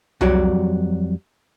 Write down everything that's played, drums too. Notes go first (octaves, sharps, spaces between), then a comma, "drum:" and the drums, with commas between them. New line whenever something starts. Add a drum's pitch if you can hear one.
F2 F#3 G3 F#4 C#5 D5, drum: tom C2